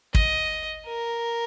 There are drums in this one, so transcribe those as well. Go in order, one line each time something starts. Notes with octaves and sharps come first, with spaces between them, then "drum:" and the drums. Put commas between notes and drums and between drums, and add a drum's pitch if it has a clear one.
D#5, drum: kick
A#4